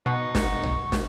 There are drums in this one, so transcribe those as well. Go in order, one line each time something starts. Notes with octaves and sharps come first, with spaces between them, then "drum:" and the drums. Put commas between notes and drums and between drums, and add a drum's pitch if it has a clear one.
B2 D#4 F#5 C#6
drum: snare
drum: tom B1
drum: snare